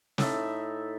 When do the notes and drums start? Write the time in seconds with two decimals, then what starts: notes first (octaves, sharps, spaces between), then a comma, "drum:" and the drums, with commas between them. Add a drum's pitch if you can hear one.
0.18 A2 D#4 A4 E5, drum: snare